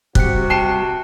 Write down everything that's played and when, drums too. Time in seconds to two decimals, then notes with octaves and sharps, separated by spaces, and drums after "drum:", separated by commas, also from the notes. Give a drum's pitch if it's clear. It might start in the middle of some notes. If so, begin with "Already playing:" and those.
0.15 C3 G3 C4 F#4 G4 F#6 C#7, drum: kick
0.50 G5 A5 C7 E7